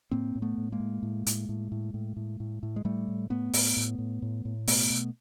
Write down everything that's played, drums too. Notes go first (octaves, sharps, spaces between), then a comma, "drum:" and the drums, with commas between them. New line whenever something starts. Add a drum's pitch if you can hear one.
A2 A#3 C4
A2
A3 B3
A2
G#3 A#3
A2
A2
A2, drum: hi-hat
A2
A2
A2
A2
A2
A2
G#3
A2 G3 A3
A2
A2 A3 B3
A2, drum: open hi-hat
A2
A2
A2
A2
B2 A3 B3, drum: open hi-hat
B2